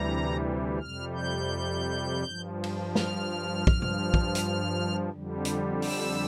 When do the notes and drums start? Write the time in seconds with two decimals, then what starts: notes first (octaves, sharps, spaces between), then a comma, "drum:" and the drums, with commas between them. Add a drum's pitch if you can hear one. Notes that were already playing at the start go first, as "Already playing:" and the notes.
Already playing: D2 C3 E3 G3 A#5
0.80 F2 C3 G3 F6
1.16 G6
2.24 G2 F3
2.64 drum: cymbal
2.95 F6, drum: snare
3.67 G2 F3, drum: kick
3.82 drum: tom
4.14 drum: kick
4.35 drum: hi-hat
5.10 F2 D3 G3
5.45 drum: hi-hat
5.82 E6, drum: open hi-hat